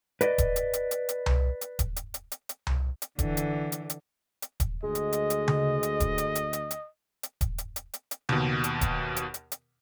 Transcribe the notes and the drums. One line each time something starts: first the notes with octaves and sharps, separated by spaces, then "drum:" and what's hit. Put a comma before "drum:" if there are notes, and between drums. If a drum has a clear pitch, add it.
B4 D5 D#5, drum: hi-hat
drum: kick D#1, hi-hat
drum: hi-hat
drum: hi-hat
drum: hi-hat
drum: hi-hat
drum: tom C2
drum: hi-hat
drum: kick D#1, hi-hat
drum: hi-hat
drum: hi-hat
drum: hi-hat
drum: hi-hat
drum: tom C2
drum: hi-hat
D3 E3, drum: kick D#1, hi-hat
drum: hi-hat
drum: hi-hat
drum: hi-hat
drum: hi-hat
drum: kick D#1, hi-hat
D2 G#3 D#5
drum: hi-hat
drum: hi-hat
drum: hi-hat
drum: tom C#3
drum: hi-hat
drum: kick D#1, hi-hat
drum: hi-hat
drum: hi-hat
drum: hi-hat
drum: hi-hat
drum: hi-hat
drum: kick D#1, hi-hat
drum: hi-hat
drum: hi-hat
drum: hi-hat
drum: hi-hat
D#2 B2, drum: tom C#3
drum: hi-hat
drum: kick D#1, hi-hat
drum: hi-hat
drum: hi-hat
drum: hi-hat